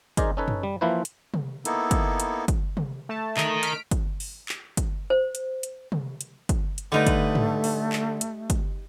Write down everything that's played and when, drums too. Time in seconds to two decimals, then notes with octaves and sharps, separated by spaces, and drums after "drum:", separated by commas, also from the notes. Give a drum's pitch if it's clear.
0.17 D#4 G#4 A#4 C5 D5 D#5, drum: kick, hi-hat
0.37 C#4 D#4 A4 B4 C#5
0.48 drum: tom F#2
0.63 G3
0.81 E3 F3 A#3 E4 B4 C5
1.05 drum: hi-hat
1.34 drum: tom C3
1.65 A#3 B3 D#4 E4 A4, drum: hi-hat
1.91 drum: kick, hi-hat
2.20 drum: hi-hat
2.48 drum: kick, hi-hat
2.77 drum: tom C3
3.09 A3 A5
3.37 A#4 D#5, drum: clap
3.63 F6 B6 D7, drum: hi-hat
3.91 drum: kick, hi-hat
4.20 drum: open hi-hat
4.49 drum: clap
4.77 drum: kick, hi-hat
5.10 C5
5.35 drum: hi-hat
5.63 drum: hi-hat
5.92 drum: tom C3
6.21 drum: hi-hat
6.49 drum: kick, hi-hat
6.78 drum: hi-hat
6.92 D3 G3 A3 D#4 B4
7.07 drum: kick, hi-hat
7.35 drum: tom G#2
7.64 drum: open hi-hat
7.92 drum: clap
8.21 drum: hi-hat
8.50 drum: kick, hi-hat